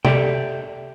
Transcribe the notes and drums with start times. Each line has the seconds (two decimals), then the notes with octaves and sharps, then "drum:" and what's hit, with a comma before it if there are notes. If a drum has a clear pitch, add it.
0.05 G4 A4 D5 E5 G5, drum: tom C3